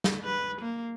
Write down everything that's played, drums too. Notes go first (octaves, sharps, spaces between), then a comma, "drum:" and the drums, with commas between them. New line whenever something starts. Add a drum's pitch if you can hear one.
drum: snare
B4
A#3